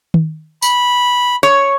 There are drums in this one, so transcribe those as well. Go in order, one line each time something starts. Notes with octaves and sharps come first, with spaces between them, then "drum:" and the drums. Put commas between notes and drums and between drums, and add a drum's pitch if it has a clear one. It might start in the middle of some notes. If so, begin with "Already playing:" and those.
drum: tom D#3
B5, drum: tambourine
C#5